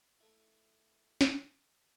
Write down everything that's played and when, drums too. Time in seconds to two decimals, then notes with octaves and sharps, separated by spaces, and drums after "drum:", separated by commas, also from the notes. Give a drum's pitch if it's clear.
0.20 A3 E4
1.21 drum: snare